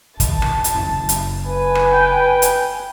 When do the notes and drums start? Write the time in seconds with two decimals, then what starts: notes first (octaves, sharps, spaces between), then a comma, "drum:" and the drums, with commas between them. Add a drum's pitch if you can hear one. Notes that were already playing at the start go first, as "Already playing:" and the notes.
0.20 D#3 A5, drum: kick, hi-hat
0.42 drum: rim click
0.64 drum: hi-hat
0.75 F#1 E4
1.09 drum: hi-hat
1.47 B4 G#5
1.75 drum: rim click
1.92 G5
2.42 drum: hi-hat